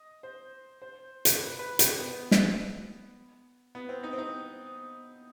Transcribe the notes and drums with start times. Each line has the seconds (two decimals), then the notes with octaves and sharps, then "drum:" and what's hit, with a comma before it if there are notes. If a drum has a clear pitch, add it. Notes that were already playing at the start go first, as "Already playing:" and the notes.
Already playing: D#5
0.23 C5
0.82 C5
1.25 drum: hi-hat
1.40 B4
1.59 B4
1.79 G4, drum: hi-hat
1.99 B3
2.31 drum: snare
3.75 B3
3.89 C4
4.03 D#4
4.13 C4
4.18 D#4